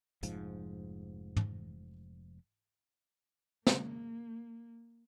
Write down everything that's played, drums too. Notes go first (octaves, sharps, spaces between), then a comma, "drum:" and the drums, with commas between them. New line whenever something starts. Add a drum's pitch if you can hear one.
F1 G#2 F3, drum: hi-hat
drum: tom G#2
F#2 C#3 G#3 A#3, drum: snare